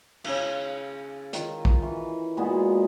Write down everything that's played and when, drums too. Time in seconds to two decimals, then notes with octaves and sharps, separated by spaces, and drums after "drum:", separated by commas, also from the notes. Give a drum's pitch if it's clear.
0.24 C#3 F5, drum: cymbal
1.33 D#3 F4, drum: hi-hat
1.65 drum: kick
1.82 E3 C#6
2.37 A#2 G#3 B3 F#4